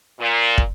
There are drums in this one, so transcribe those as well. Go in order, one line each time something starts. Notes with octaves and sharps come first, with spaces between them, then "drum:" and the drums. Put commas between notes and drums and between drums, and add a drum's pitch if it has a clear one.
A#2
drum: kick